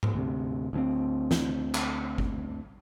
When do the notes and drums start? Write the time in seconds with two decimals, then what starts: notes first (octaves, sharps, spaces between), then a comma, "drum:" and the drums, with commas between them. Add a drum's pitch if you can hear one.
0.03 drum: tom G#2
0.14 D2 C3
0.73 D2 E3 C4
1.31 drum: snare
1.75 drum: clap
2.18 drum: kick G1